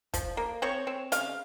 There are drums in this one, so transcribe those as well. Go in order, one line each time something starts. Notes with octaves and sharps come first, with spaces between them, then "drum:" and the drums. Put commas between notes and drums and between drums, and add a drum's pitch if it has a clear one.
F3, drum: kick, hi-hat
A#3
C4 C#5
C4
C#3 F5, drum: hi-hat